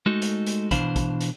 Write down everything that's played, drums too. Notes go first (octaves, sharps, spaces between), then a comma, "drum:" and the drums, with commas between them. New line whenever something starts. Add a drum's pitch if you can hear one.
G#3 A3 D#4 F#4 A4
drum: hi-hat
drum: hi-hat
B2 E3 D4 C5 F5 B5, drum: kick, hi-hat
drum: kick, hi-hat
drum: hi-hat